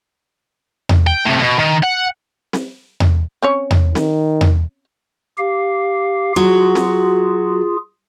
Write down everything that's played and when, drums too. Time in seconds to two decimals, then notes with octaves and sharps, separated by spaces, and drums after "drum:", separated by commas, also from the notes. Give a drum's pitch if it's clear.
0.89 drum: tom E2
1.07 G5
1.26 A2 C3
1.41 B2
1.60 D#3
1.84 F#5
2.53 drum: snare C4
3.00 drum: tom E2
3.42 C4 C#4 C#5
3.71 drum: tom E2
3.95 D#3, drum: snare C4
4.41 drum: tom E2
5.38 G4 F5
6.36 F#3 F4 F#4 G#4
6.75 drum: snare C4